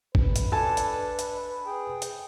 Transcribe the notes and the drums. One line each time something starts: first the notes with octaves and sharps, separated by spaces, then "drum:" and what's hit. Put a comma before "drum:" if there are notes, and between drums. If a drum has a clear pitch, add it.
B4, drum: kick
drum: hi-hat
D4 A4 G#5 A5
drum: hi-hat
drum: hi-hat
G#4 G5
drum: hi-hat